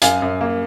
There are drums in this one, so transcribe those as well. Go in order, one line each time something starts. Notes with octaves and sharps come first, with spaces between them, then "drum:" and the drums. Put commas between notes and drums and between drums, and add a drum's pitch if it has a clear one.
F#2 F5 G#5, drum: hi-hat
F#2
A#3